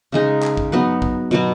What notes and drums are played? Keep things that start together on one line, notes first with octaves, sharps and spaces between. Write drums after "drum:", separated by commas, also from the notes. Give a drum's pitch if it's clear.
C#3 G#3 D#4 G#4
drum: clap
drum: kick A#1
F#3 B3 D#4 B4
drum: kick A#1
B2 F#3 B3 F#4